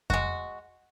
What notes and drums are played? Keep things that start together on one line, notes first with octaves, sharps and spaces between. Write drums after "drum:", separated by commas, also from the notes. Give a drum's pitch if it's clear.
G#3 F#4, drum: kick F2